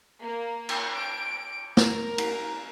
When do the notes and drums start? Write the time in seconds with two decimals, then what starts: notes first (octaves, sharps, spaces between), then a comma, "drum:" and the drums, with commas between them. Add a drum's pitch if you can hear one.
0.22 A#3
0.69 drum: cymbal
0.94 D7
1.77 A#4, drum: snare
2.18 drum: cymbal